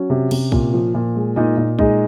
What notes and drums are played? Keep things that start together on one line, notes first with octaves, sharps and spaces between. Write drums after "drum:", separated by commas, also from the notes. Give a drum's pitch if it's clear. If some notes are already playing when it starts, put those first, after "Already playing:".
Already playing: F#3 C#4
C3
C3, drum: cymbal
A#2, drum: kick B1
F3
A#2
G#3
A#2 D#4 D#5
A#2
G#3 D#4 D#5, drum: kick B1